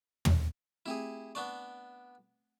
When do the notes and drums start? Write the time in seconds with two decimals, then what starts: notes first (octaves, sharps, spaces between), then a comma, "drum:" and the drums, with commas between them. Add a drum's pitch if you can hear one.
0.25 drum: tom
0.86 A3 C4 E4 G4 G#4
1.35 B3 D4 D5 C#6